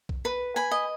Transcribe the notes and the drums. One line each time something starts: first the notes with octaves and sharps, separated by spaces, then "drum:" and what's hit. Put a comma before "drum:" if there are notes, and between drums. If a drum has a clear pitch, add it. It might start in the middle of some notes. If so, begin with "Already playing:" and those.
drum: kick B1
B4
G#5 B5
D#5